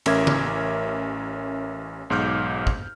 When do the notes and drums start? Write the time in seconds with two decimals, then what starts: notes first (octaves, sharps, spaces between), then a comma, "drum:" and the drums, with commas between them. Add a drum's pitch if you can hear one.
0.06 A1 C#4 A#4 E5 D6 G#6, drum: cymbal
0.27 drum: tom C#3
2.10 B1 G#2 D6 F6 G6
2.67 drum: kick